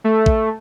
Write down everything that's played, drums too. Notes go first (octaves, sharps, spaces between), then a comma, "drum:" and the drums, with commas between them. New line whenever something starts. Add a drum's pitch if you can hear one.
A3
drum: kick